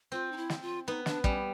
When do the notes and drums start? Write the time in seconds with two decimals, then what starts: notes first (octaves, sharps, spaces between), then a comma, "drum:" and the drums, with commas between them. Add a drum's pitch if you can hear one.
0.12 C4 F4
0.32 D#4
0.37 E4
0.50 drum: snare
0.62 F4
0.87 B3 D#4
1.06 D4, drum: snare
1.24 G3 C#4, drum: kick